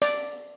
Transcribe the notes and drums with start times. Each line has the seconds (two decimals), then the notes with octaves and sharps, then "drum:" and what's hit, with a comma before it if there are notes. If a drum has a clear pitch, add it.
0.02 D5, drum: hi-hat